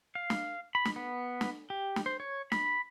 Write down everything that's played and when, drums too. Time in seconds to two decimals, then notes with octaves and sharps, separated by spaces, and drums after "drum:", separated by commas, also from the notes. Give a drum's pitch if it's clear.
0.15 F5
0.30 drum: snare
0.75 B5
0.85 drum: snare
0.96 B3
1.41 drum: snare
1.70 G4
1.96 drum: snare
2.06 C5
2.20 C#5
2.52 B5, drum: snare